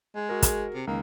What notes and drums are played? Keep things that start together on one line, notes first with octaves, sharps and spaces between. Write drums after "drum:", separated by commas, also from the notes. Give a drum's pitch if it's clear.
G#3
F#4 G#4 A#4
drum: kick, hi-hat
C3
C#2 D#3 A#3